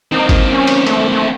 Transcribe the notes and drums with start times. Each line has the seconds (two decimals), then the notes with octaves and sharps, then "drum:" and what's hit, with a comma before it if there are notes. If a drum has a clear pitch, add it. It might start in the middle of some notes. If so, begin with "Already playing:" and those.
0.12 A#3 C4 D#4
0.29 drum: kick G#1, cymbal
0.53 C#4
0.67 drum: cymbal
0.87 A3, drum: cymbal
1.13 A3